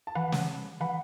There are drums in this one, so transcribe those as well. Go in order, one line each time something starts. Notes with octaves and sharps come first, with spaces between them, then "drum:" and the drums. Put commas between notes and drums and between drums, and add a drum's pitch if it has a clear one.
A5
E3 F#5 B5
drum: snare
E3 F#5 B5